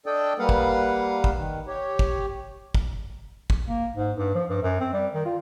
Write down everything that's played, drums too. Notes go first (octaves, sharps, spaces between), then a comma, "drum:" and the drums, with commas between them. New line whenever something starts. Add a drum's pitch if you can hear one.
D4 A4 D5 D#5 G5
G3 A#3 B4 F5 F#5
drum: kick
drum: kick
D#3
G4 C#5
drum: kick
drum: kick
drum: kick
A#3
G#2
G2
F3
G2
F#2
C4
G3
D#3
F4